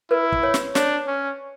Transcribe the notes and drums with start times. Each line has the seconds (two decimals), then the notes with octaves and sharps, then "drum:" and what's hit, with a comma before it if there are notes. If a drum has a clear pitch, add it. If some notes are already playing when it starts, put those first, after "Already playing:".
0.11 E4 B4
0.32 drum: kick
0.43 C#5
0.54 drum: snare
0.75 D4 C#5, drum: snare
1.07 C#4